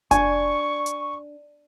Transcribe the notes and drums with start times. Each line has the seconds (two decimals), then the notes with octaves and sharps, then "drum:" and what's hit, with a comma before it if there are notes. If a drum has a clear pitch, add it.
0.11 D4 G#5 C#6, drum: kick F1, hi-hat
0.86 drum: hi-hat